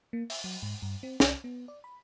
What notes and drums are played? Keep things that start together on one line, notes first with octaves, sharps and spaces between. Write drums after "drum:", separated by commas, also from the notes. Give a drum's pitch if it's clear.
A#3
E5, drum: open hi-hat
F#3
G#2
G2
C4
C2, drum: snare
B3
D5
B5